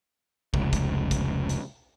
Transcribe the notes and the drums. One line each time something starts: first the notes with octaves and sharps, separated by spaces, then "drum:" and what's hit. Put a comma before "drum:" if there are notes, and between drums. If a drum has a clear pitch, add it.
F1 C#2, drum: kick
drum: kick, hi-hat
drum: kick, hi-hat
drum: hi-hat